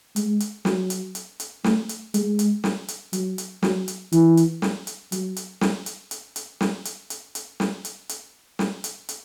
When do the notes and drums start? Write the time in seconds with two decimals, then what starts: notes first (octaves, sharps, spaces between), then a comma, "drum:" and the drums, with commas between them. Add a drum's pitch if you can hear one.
0.16 G#3, drum: hi-hat
0.40 drum: hi-hat
0.65 F#3, drum: snare
0.90 drum: hi-hat
1.15 drum: hi-hat
1.40 drum: hi-hat
1.64 A3, drum: snare
1.89 drum: hi-hat
2.14 G#3, drum: hi-hat
2.39 drum: hi-hat
2.64 drum: snare
2.88 drum: hi-hat
3.13 F#3, drum: hi-hat
3.38 drum: hi-hat
3.63 F#3, drum: snare
3.88 drum: hi-hat
4.12 E3, drum: hi-hat
4.37 drum: hi-hat
4.62 drum: snare
4.87 drum: hi-hat
5.12 F#3, drum: hi-hat
5.36 drum: hi-hat
5.61 drum: snare
5.86 drum: hi-hat
6.11 drum: hi-hat
6.36 drum: hi-hat
6.61 drum: snare
6.85 drum: hi-hat
7.10 drum: hi-hat
7.35 drum: hi-hat
7.60 drum: snare
7.85 drum: hi-hat
8.09 drum: hi-hat
8.59 drum: snare
8.84 drum: hi-hat
9.09 drum: hi-hat